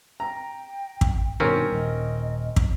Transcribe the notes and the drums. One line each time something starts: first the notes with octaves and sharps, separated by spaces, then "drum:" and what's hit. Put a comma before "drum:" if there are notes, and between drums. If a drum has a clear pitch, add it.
G5 A#5
drum: kick
G2 B2 D#3 C4 C#4 A#4
D#1 D#5
drum: kick